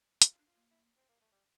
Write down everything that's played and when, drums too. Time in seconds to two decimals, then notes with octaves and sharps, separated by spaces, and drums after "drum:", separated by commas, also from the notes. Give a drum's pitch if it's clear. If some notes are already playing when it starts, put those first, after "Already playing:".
0.22 F4 A4, drum: hi-hat
0.38 D4
0.47 F4
0.55 A#3
0.71 E4
0.97 C4
1.09 A#3
1.21 A3
1.32 G3